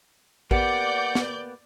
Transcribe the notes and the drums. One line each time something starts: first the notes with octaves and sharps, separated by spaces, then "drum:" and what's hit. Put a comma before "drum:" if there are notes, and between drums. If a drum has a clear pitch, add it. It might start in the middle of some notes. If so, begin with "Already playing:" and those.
A#3 B3 G4 D5 F#5 G6, drum: kick A1
drum: snare